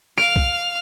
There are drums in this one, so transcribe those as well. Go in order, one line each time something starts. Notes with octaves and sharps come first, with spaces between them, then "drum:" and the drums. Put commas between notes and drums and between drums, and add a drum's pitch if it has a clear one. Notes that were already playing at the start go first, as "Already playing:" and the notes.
F5 F6 D7
drum: kick C2